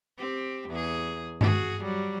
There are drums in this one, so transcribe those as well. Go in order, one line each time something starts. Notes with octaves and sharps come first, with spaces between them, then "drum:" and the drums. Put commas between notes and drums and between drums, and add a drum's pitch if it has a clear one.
C4 G4
E2 G#4
F#4 G#4, drum: tom G2
F#3 G3